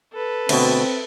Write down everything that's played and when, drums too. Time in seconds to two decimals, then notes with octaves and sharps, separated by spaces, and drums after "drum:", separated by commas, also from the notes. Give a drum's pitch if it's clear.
0.14 A4 B4
0.49 D2 B2 C4, drum: cymbal